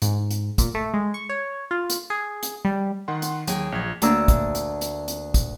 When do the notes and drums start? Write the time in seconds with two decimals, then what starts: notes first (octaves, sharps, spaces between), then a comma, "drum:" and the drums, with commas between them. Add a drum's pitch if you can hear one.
0.02 G#2, drum: hi-hat
0.31 drum: hi-hat
0.58 A#2, drum: kick, hi-hat
0.75 A3
0.94 G#3
1.14 C#6
1.29 C#5
1.71 F4
1.90 drum: hi-hat
2.10 G#4
2.43 drum: hi-hat
2.65 G3
3.08 D#3 F#5 C6
3.22 drum: hi-hat
3.47 D#2 F#3 G#4 G5, drum: hi-hat
3.72 A#1 G#6
4.02 D2 A#3 D4 D5 A#5 E6, drum: hi-hat
4.28 drum: kick, hi-hat
4.55 drum: hi-hat
4.81 drum: hi-hat
5.08 drum: hi-hat
5.34 drum: kick, hi-hat